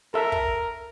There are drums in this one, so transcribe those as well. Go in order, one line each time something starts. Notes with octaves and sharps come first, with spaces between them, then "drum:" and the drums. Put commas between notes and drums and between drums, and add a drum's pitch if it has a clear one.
A4 A#4 E5
drum: kick